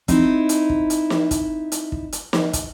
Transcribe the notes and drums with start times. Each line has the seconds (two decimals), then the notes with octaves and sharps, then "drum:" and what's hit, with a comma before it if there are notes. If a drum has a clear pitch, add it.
0.08 C4 D#4 E4, drum: kick, hi-hat
0.49 drum: hi-hat
0.69 drum: kick
0.90 drum: hi-hat
1.10 drum: snare
1.31 drum: kick, hi-hat
1.72 drum: hi-hat
1.92 drum: kick
2.12 drum: hi-hat
2.33 drum: snare
2.53 drum: kick, hi-hat